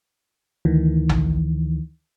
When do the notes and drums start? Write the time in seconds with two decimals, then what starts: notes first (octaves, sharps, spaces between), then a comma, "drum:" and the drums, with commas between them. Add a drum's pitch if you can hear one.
0.65 D2 D#3 E3
1.09 drum: tom